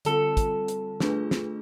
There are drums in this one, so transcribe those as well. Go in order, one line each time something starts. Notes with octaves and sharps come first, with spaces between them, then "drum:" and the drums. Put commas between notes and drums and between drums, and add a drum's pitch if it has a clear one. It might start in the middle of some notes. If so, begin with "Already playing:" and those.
D3 G3 C4 F4 A4, drum: hi-hat
drum: kick, hi-hat
drum: hi-hat
A3 D4 F4 G#4 B4, drum: snare
drum: snare